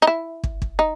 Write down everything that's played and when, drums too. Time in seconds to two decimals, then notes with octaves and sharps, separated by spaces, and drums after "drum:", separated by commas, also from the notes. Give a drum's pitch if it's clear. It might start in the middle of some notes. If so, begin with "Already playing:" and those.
0.02 D#4
0.07 E4
0.44 drum: kick
0.62 drum: kick
0.79 D#4